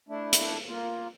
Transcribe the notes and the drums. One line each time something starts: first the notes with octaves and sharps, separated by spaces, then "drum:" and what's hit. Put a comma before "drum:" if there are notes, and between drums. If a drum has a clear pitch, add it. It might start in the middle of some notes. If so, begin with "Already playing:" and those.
A3 D4 E4
drum: hi-hat
A#3 F4